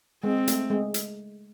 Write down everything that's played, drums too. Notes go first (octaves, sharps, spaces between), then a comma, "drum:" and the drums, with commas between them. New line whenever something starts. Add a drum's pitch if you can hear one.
G#3 C4
A3, drum: hi-hat
G#3
drum: hi-hat